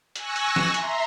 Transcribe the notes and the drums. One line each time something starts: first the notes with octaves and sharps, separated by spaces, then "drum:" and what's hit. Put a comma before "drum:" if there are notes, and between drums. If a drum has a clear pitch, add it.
G#5 C#6 E6 F#6 A#6, drum: hi-hat
drum: hi-hat
drum: snare
E5 A#5 C6, drum: hi-hat